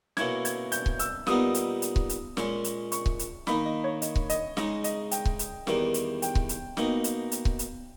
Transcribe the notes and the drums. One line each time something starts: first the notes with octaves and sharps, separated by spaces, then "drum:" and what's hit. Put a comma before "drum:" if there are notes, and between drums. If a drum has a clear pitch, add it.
B2 A#3 C#4 E4 G#6, drum: snare
G#6, drum: hi-hat
G6, drum: hi-hat
drum: kick C#1
E6, drum: hi-hat
A#2 G3 B3 D#4 D#6, drum: snare
drum: hi-hat
drum: hi-hat
drum: kick C#1
drum: hi-hat
A#2 G#3 C#4, drum: snare
drum: hi-hat
C#6, drum: hi-hat
drum: kick C#1
drum: hi-hat
D#3 A#3 D#4 B5, drum: snare
D#5
C#5
D#5, drum: hi-hat
drum: kick C#1
D#5, drum: hi-hat
C#3 G#3 D#4 D#5, drum: snare
D#5, drum: hi-hat
G5, drum: hi-hat
drum: kick C#1
drum: hi-hat
E2 D#3 G3 A#3, drum: snare
drum: hi-hat
G5, drum: hi-hat
drum: kick C#1
drum: hi-hat
B2 A#3 D#4, drum: snare
drum: hi-hat
drum: hi-hat
drum: kick C#1
drum: hi-hat